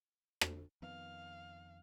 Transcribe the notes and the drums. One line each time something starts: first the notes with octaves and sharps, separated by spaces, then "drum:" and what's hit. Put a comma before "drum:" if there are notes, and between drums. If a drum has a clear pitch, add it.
drum: rim click
F2 D#3 B3 F5